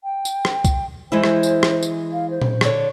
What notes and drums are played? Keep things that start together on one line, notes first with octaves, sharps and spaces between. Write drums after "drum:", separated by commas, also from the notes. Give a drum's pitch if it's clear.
G5
drum: tambourine
drum: rim click
drum: kick C2, tambourine
E3 G#3 E4 C5
drum: rim click
drum: tambourine
drum: rim click
drum: tambourine
F5
C5
drum: tom A#2
D3 C#5, drum: rim click